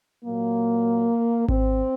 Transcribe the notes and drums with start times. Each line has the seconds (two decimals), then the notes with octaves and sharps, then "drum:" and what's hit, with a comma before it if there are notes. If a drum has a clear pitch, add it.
0.24 A#2 F#3 A#3
1.48 C4, drum: kick G#1